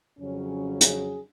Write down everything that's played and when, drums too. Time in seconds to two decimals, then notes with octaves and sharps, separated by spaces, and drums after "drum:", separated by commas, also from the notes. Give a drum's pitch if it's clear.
0.18 F2 C#3 F#3 C#4
0.81 G#4, drum: hi-hat